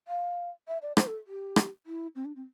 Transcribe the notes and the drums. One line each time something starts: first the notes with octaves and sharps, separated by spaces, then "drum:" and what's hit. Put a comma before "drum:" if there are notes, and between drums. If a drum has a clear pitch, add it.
F5
E5
D5
C5, drum: rim click
A4
G4
drum: rim click
E4
C4
D4
C4